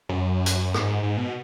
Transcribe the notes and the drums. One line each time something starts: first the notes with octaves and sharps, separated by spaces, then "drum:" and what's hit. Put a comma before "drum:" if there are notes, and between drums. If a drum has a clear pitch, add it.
F#2
drum: hi-hat
G#2, drum: rim click
G#2
B2